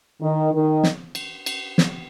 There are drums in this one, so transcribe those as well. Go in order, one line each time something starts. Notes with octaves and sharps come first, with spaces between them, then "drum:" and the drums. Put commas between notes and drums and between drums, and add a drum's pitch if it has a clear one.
D#3
D#3
drum: snare
drum: cymbal
drum: cymbal
drum: snare